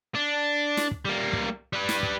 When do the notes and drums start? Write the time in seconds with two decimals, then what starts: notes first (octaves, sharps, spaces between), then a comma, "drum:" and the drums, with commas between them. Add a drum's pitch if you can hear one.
0.15 D4
0.77 drum: snare
0.91 drum: kick
1.05 G3 A#3
1.33 drum: kick
1.73 G3 B4
1.89 drum: snare
2.03 drum: kick